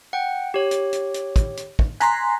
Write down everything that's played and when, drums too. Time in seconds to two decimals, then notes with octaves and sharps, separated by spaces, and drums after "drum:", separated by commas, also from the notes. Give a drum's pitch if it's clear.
0.13 F#5 G5
0.54 G4 C#5
0.71 drum: hi-hat
0.93 drum: hi-hat
1.14 drum: hi-hat
1.36 drum: kick, hi-hat
1.57 drum: hi-hat
1.79 drum: kick
2.00 G#5 A#5 C6 F#6 B6, drum: hi-hat